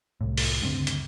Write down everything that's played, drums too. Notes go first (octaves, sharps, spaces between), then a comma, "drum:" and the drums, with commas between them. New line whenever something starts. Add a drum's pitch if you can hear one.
C2 A2
drum: open hi-hat
D2 G2 C#3 C4
drum: hi-hat